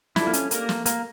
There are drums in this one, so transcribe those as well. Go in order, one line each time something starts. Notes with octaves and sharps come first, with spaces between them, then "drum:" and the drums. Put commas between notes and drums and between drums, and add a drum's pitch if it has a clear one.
G3 D4 E4 F4 A4, drum: snare
A#3
C#4, drum: hi-hat
A3 A#3 D4 G4 A#4, drum: hi-hat
drum: snare
A#3, drum: hi-hat